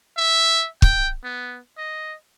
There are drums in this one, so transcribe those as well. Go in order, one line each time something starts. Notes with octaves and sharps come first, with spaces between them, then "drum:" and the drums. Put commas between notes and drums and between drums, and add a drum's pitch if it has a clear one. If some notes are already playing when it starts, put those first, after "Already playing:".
E5
G5, drum: kick
B3
D#5